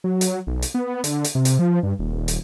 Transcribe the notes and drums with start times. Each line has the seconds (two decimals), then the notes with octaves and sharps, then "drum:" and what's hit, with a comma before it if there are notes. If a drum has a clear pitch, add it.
0.04 F#3
0.21 drum: hi-hat
0.47 B1
0.62 drum: hi-hat
0.74 B3
1.04 D3, drum: hi-hat
1.24 drum: hi-hat
1.35 C3
1.45 drum: hi-hat
1.59 F3
1.83 G2
1.99 D#1
2.28 drum: hi-hat